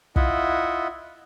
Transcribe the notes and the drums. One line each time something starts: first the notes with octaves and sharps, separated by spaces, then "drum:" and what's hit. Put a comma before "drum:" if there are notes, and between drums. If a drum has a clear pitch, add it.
E4 F4 D#5 E5 F#5, drum: kick